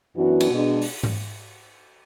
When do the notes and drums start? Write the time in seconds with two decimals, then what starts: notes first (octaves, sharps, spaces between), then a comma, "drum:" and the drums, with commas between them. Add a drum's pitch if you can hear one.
0.16 F#2 E3 B3 D4 F#4
0.40 drum: cymbal
0.51 B2 G#3 D4
0.82 drum: open hi-hat
1.03 drum: tom G#2